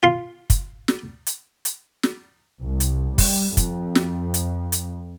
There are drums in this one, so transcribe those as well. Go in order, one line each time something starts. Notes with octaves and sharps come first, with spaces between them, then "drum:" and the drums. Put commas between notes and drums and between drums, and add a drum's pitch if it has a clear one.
F4 C6
drum: kick, hi-hat
drum: snare
drum: hi-hat
drum: hi-hat
drum: snare
C2
drum: hi-hat
G3, drum: kick, open hi-hat
F2, drum: kick, hi-hat
drum: snare
drum: hi-hat
drum: hi-hat